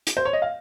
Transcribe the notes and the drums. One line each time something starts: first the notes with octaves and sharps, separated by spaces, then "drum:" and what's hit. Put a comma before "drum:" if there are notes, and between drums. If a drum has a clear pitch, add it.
drum: hi-hat
C5
C#5
D#5
F5